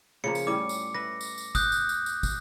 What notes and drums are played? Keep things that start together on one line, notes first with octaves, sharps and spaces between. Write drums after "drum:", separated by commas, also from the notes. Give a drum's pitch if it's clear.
C#3 F3 A#3 C#7
drum: tambourine
A2 G3 C#4 D6
drum: tambourine
B4 E5 A#6
drum: tambourine
drum: tambourine
D#6 F#6 G6, drum: kick, tambourine
drum: tambourine
drum: tambourine
drum: tambourine
drum: kick, tambourine